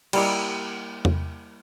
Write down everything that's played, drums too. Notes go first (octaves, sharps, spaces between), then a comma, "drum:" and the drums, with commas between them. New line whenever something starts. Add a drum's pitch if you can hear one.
G3 A#3 E4 D#5, drum: cymbal
drum: tom E2